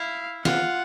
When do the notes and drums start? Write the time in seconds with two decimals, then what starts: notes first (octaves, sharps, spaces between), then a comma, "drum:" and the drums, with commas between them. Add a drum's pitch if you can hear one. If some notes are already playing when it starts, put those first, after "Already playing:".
Already playing: E4 F5
0.45 F4 F#5, drum: snare